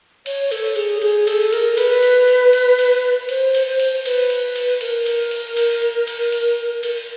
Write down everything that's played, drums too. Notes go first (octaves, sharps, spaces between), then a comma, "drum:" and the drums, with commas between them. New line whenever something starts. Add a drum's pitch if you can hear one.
C#5, drum: cymbal
A4, drum: cymbal
G#4, drum: cymbal
G#4, drum: cymbal
A4, drum: cymbal
A#4, drum: cymbal
B4, drum: cymbal
drum: cymbal
drum: cymbal
drum: cymbal
drum: cymbal
C5, drum: cymbal
drum: cymbal
C5
drum: cymbal
B4, drum: cymbal
drum: cymbal
drum: cymbal
A#4, drum: cymbal
drum: cymbal
drum: cymbal
drum: cymbal
drum: cymbal
drum: cymbal
drum: cymbal
drum: cymbal